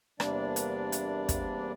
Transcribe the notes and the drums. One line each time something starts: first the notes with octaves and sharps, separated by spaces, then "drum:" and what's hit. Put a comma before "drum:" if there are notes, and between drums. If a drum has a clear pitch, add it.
E2 C3 G3 A#3 D4 D5, drum: rim click
drum: hi-hat
drum: hi-hat
drum: kick, hi-hat